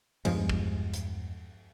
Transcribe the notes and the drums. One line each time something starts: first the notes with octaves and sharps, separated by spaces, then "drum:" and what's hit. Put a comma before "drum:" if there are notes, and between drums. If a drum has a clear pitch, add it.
E2 G2 F3 G#3, drum: cymbal
drum: kick
drum: hi-hat